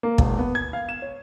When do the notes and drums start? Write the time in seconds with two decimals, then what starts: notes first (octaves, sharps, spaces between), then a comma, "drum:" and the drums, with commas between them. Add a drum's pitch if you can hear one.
0.03 A#3
0.18 E1, drum: kick
0.39 B3
0.55 G#6
0.73 F5
0.89 E7
1.02 C#5